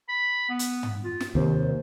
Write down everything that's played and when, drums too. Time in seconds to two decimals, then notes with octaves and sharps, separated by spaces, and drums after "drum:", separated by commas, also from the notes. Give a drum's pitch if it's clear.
0.09 B5
0.49 B3
0.59 drum: hi-hat
0.83 drum: tom
1.04 F4
1.20 drum: snare
1.35 D#2 C3 D#3 C5